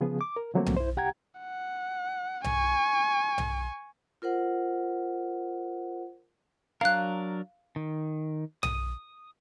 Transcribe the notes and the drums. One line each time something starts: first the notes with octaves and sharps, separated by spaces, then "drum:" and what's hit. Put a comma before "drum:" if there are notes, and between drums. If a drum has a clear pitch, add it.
C#3 F3 B3 G#4
D6
A#4
D3 F3 F#3 A3 A#3 C4
drum: tom B1
E4 C5
C2 G4 F#5 G5 A#5 G#6
F#5
G#5 C#6, drum: tom B1
drum: tom B1
F4 A#4 C5 F#5
F#3 D4 A#4 F5 F#6
D#3
D#6 D#7, drum: tom B1